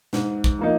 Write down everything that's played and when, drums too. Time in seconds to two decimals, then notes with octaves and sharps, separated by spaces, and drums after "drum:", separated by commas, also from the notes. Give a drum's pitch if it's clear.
0.13 G#2, drum: snare
0.44 drum: kick
0.59 F3 A#3 D#4